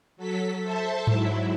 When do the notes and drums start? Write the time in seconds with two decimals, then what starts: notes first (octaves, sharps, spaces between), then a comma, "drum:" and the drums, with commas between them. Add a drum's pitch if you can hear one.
0.17 F#3 A4 B6
0.62 A4 C5 E5 A5
1.07 G#2 F#3 E4, drum: tom G#2